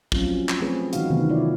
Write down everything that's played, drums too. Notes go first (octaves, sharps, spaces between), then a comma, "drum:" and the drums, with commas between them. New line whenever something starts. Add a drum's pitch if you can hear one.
F3 F#3 A3 C4 C#4 F4, drum: kick
drum: clap
A3 C4 G#4 B4 C#5
D3 E3 F#3 D#4 F#4 F5, drum: hi-hat
C3 D#3 E3 A3 B3
E4 F4 C#5 D5